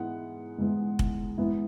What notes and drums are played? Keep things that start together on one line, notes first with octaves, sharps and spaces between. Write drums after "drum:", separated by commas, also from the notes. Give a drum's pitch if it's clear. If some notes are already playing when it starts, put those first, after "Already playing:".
Already playing: G#2 E3 G#3 B3 E4 F#5
G#2 E3 G#3 B3 E4
drum: kick
G#2 E3 B3 E4